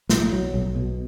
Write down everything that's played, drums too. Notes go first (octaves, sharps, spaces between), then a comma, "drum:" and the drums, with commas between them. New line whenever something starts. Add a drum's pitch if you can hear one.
B1, drum: snare
F#3
B1
B2